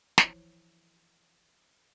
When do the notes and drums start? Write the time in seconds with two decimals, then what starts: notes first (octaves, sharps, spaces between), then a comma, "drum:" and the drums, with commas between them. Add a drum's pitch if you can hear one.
0.18 E3 F3 E4 C5 C#5, drum: snare